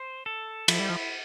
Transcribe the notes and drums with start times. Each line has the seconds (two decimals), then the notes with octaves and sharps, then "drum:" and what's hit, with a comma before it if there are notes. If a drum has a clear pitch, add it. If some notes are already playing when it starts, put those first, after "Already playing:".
Already playing: C5
0.26 A4
0.68 F3 E4, drum: cymbal
0.79 G3
0.90 F3